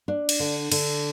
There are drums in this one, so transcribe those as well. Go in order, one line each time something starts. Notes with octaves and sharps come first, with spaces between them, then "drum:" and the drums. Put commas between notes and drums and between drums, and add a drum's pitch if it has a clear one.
D4
drum: cymbal
D3
D3, drum: cymbal